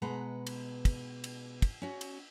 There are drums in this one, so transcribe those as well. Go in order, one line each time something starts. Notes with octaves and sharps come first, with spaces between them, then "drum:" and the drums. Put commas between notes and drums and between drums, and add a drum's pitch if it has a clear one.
B2 G#3 B4 F#5 A#5
drum: cymbal
drum: kick, cymbal
drum: cymbal
drum: kick, cymbal
C#4 F#4
drum: cymbal